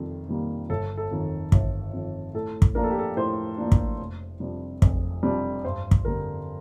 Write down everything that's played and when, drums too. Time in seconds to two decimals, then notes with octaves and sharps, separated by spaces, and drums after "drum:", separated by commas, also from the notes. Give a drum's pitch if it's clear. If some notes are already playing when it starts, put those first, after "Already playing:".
Already playing: F2 C3 D#3 G3 A4
0.29 C3 D#3 G3 A#3
0.69 G1 A4
0.97 A4
1.11 F2 D#3
1.52 G1, drum: kick
1.93 F2 D#3
2.34 A2 A4
2.62 drum: kick
2.75 F3 A#3 D4 A#4
2.84 A4
2.91 G4
2.99 A4
3.17 A2 C5
3.58 F3 A#3 D4
3.72 drum: kick
3.99 F1
4.40 F2 C3 G3 D4
4.82 F1, drum: kick
5.23 F2 C3 G3 D4
5.64 G2 C5
5.91 drum: kick
6.05 D3 G3 C4 A#4